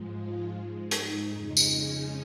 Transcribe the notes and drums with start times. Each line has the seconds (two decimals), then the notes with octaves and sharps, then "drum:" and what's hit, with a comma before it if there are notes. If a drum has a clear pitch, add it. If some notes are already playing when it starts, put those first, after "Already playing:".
Already playing: G#2 F3 G#3
0.12 F4
0.52 G#2 G#3
0.91 D#4, drum: hi-hat
1.31 F2 C#3 G#3 D#4
1.57 drum: tambourine
1.70 C#4